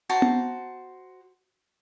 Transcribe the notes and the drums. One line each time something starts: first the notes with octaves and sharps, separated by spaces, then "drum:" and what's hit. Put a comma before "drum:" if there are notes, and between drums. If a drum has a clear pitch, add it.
F#4 C5 A5 A#5
drum: tom B3